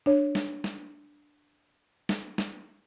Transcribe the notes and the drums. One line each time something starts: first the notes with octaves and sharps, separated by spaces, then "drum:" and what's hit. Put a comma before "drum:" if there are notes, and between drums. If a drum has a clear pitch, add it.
D4 C#5
drum: snare
drum: snare
drum: snare
drum: snare